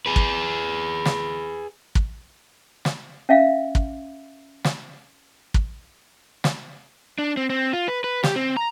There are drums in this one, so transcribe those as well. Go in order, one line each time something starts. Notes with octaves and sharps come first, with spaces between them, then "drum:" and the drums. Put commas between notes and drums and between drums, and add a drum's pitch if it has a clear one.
G#4 B4
drum: kick
drum: snare
drum: kick
drum: snare
C#4 E5 F5
drum: kick
drum: snare
drum: kick
drum: snare
D4
C4
C4
F4
B4
B4
G4, drum: snare
C4
A#5